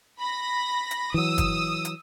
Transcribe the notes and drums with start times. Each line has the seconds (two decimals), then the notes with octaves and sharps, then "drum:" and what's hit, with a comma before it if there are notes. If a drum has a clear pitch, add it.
0.19 B5 A#6
0.91 drum: hi-hat
1.14 E3 F#3 D#6 E6
1.38 drum: kick, hi-hat
1.85 drum: hi-hat